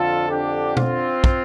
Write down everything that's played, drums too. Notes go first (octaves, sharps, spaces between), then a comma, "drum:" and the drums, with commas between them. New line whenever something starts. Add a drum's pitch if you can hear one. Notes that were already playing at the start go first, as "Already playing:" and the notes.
Already playing: F2 D3 F4 A4
D4 G4
C4 F4, drum: tom B2
drum: kick